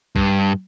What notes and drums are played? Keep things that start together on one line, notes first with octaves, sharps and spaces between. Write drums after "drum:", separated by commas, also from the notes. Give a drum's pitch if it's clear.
G2, drum: kick